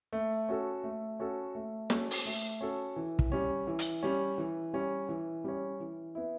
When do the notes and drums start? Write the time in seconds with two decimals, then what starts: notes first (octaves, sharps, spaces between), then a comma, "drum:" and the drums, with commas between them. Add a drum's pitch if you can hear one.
0.13 A3
0.49 C#4 F#4 A4
0.84 A3
1.20 C#4 F#4 A4
1.55 A3
1.90 C#4 F#4 A4, drum: snare
2.11 drum: open hi-hat
2.26 A3
2.61 C#4 F#4 A4
2.96 E3
3.19 drum: kick
3.32 G3 C#4
3.67 E3
3.79 drum: hi-hat
4.03 G3 C#4
4.38 E3
4.74 G3 C#4
5.09 E3
5.44 G3 C#4
5.80 E3
6.15 B3 E4